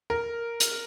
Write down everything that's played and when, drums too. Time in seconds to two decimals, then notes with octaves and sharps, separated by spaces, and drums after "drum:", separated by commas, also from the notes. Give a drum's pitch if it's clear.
0.10 A#4
0.60 drum: hi-hat